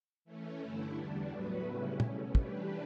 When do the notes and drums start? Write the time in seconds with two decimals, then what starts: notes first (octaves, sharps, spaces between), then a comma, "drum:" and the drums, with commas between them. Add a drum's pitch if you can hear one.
0.25 E3 A3 C#4
0.60 G2 D3 A3 E4
0.95 E2 D3 G3 D4
1.30 A2 F#3 B3 F#4 B4
1.65 C#3 G3 C#4 E4
2.00 B2 A3 C#4, drum: tom
2.35 E3 G3 D4 G4 B4, drum: kick